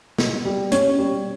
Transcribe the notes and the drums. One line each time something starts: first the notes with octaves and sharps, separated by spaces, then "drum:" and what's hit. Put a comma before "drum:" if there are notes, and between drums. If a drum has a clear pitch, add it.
B2, drum: snare
G3
B2 C#4 C#5, drum: hi-hat
G3